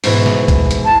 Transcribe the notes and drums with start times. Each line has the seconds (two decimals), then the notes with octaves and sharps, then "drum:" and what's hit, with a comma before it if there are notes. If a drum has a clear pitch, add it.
0.04 G#2 B2 E3, drum: open hi-hat
0.26 drum: snare
0.48 drum: kick B1, hi-hat
0.71 drum: hi-hat
0.85 A5